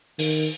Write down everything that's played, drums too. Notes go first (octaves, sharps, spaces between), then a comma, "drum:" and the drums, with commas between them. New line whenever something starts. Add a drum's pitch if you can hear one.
D#3, drum: open hi-hat